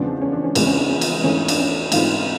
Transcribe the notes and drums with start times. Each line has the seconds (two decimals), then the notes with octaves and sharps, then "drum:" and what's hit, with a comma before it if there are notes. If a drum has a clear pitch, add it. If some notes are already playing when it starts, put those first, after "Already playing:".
Already playing: E2 C#3 F3 G#3 C4 D4
0.21 C#4
0.32 D4
0.44 C#4
0.55 E2 C#3 F3 G#3 C4 D4, drum: cymbal
0.67 C#4
0.77 D4
0.89 C#4
1.01 drum: cymbal
1.24 G#2 E3 A3 C4 C#4
1.48 D4, drum: cymbal
1.59 C#4
1.92 G#2 E3 A3 C4 F4, drum: cymbal